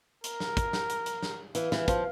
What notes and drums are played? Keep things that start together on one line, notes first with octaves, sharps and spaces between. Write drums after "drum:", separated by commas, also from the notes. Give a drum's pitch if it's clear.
A#4, drum: hi-hat
drum: snare
drum: kick, hi-hat
drum: snare
drum: hi-hat
drum: hi-hat
drum: snare
E3 F5, drum: hi-hat
E3, drum: snare
F3, drum: kick, hi-hat